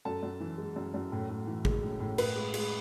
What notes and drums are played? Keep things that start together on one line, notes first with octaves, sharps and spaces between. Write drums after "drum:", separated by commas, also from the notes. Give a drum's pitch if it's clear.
F#2 A4 A5
F#2
E3
G#3
F#2
F#2
A2
A2
E3
G#3, drum: kick
A2
A2
A2 B4 B5, drum: cymbal
G#3
G#3, drum: cymbal